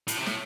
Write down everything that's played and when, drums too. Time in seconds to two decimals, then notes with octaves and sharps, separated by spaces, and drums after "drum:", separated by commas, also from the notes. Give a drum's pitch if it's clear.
0.08 A2, drum: hi-hat
0.18 C3
0.26 A2, drum: snare